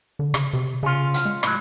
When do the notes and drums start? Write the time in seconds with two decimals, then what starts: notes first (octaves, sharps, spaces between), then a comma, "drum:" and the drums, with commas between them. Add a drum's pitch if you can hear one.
0.19 D3
0.34 C#3, drum: rim click
0.53 C3
0.83 C#3 C#4 F4
1.14 drum: hi-hat
1.25 G#3
1.43 A2 F#3, drum: rim click